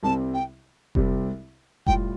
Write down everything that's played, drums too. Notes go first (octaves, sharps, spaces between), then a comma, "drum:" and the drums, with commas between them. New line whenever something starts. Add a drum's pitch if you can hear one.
C2 C3 G3 C4 A5
G5
C2 C3 G3 C4, drum: kick F1
A2 G3 F4 G5, drum: kick F1